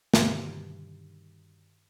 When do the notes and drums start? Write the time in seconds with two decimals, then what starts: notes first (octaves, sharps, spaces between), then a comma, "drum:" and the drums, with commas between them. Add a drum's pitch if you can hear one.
0.14 G2 B2 D3 D#3 G3, drum: snare